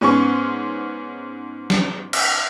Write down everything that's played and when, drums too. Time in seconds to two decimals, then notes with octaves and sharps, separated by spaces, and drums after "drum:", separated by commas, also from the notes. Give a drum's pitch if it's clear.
0.01 G#2 B3 C#4 C6 C#6
1.70 drum: snare
2.13 drum: cymbal